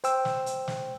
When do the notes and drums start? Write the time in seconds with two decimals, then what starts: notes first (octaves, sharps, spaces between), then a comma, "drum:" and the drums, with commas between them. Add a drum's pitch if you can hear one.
0.04 C5 G5 E6, drum: hi-hat
0.25 drum: snare
0.46 drum: hi-hat
0.68 drum: snare